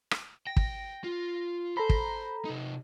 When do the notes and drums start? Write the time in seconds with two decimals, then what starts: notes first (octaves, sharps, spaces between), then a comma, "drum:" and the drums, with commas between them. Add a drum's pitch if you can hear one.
0.11 drum: rim click
0.47 G5 A#6
0.57 drum: kick
1.04 F4
1.77 A4 C5 A#5 B5
1.90 drum: kick
2.45 C3 D#4